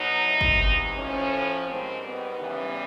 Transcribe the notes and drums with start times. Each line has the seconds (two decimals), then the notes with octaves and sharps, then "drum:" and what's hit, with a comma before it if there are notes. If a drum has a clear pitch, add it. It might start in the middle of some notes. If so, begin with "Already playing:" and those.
Already playing: B2 F#3 D#4
0.25 E2 C3 E3
0.41 drum: kick
0.96 A2 F3 C#4
1.67 G#2 D#3 G3 C4
2.04 B3
2.39 E2 C#3 E3 G3